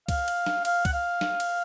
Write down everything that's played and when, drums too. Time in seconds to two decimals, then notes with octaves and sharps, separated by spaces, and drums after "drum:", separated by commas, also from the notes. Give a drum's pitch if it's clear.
0.08 F5, drum: kick C2, cymbal
0.28 drum: cymbal
0.46 drum: snare
0.65 F5, drum: cymbal
0.85 F#5, drum: kick C2, cymbal
0.94 F5
1.21 drum: snare
1.40 drum: cymbal